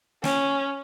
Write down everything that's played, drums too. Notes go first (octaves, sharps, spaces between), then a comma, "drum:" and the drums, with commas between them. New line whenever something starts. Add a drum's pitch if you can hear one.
C#4, drum: snare